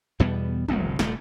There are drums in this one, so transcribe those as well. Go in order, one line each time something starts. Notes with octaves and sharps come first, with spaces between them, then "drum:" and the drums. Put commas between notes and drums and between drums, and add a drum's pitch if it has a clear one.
E2 B2 G3 B3
F1 C2 F#2, drum: tom
D#1 A3, drum: snare